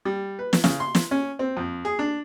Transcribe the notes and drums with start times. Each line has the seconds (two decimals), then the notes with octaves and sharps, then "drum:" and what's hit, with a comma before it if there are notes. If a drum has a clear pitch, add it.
0.05 G3
0.39 B4
0.53 drum: snare
0.64 C#3, drum: snare
0.80 C6
0.95 drum: snare
1.11 C#4
1.39 C4
1.57 F2
1.85 G#4
1.99 D4